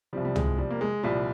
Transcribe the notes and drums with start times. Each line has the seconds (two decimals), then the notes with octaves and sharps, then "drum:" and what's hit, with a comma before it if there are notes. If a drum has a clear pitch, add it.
0.13 C2 C3 F3 G3
0.25 G3
0.36 G#3, drum: tom
0.58 G3
0.71 A#3
0.81 G#3
1.03 C2 A#2 F3 G3